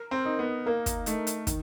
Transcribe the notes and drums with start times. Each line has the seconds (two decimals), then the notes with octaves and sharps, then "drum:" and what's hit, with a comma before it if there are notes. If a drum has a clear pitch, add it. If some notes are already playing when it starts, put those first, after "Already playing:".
Already playing: A#4
0.11 C4
0.25 D#4
0.39 B3
0.66 A#3 A#4
0.86 drum: kick, hi-hat
1.06 A3 D#4, drum: hi-hat
1.27 drum: hi-hat
1.47 D#3, drum: kick, hi-hat